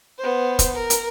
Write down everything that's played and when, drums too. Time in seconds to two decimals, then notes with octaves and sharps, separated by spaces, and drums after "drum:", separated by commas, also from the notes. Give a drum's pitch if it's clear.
0.19 B3 C5
0.59 drum: kick, hi-hat
0.74 A#4
0.90 drum: hi-hat